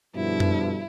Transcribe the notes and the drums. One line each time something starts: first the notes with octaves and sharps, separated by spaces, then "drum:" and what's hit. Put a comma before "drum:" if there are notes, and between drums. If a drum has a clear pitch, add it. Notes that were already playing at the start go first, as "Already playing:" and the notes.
G2 B2 D3 F3 E4
drum: tom F#2